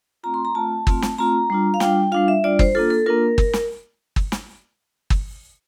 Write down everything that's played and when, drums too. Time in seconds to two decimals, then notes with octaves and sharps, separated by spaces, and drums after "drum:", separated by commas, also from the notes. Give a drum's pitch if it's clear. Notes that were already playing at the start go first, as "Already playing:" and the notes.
0.23 A3 C4 F4 A#5
0.34 C6
0.45 A#5
0.55 A3 C4 F4 A5
0.87 A3 C4 F4, drum: kick G1
1.02 drum: snare
1.18 A3 C4 F4 A#5
1.50 G3 D4 F4
1.74 F5
1.80 G3 D4 F4 G5, drum: snare
2.12 G3 D4 F4 F5
2.28 E5
2.44 G3 D4 F4 D5
2.59 C5, drum: kick G1
2.75 A#3 D4 F4 A4
2.90 A4
3.06 A#3 D4 F4 A#4
3.38 drum: kick G1
3.53 drum: snare
4.16 drum: kick G1
4.32 drum: snare
5.10 drum: kick G1